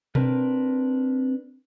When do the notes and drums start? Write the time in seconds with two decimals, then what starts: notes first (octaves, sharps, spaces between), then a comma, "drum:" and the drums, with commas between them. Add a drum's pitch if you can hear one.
0.15 C4 D4 A#4 B4, drum: tom B2